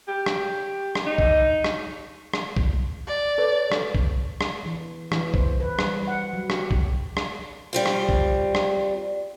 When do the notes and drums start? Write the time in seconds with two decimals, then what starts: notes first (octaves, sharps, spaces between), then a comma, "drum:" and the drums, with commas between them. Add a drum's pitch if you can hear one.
0.08 G4
0.26 drum: rim click
0.95 drum: rim click
1.06 D#4
1.18 drum: kick B1
1.64 drum: rim click
2.33 drum: rim click
2.57 drum: kick B1
3.07 D5
3.38 A4 B4 C#5
3.72 drum: rim click
3.95 drum: kick B1
4.41 drum: rim click
4.65 E3
5.12 E3, drum: rim click
5.34 C5, drum: kick B1
5.60 B4
5.79 G3, drum: rim click
6.08 F#5
6.33 F#3
6.50 G4, drum: rim click
6.71 drum: kick B1
7.17 drum: rim click
7.73 G3 C4 F4
7.86 drum: rim click
8.09 drum: kick B1
8.55 drum: rim click